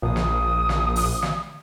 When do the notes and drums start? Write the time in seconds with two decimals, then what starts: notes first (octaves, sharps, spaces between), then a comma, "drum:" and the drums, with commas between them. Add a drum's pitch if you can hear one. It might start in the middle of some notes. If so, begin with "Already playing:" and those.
0.02 A#1 D#6
0.16 drum: snare
0.69 drum: snare
0.96 drum: open hi-hat
1.22 drum: snare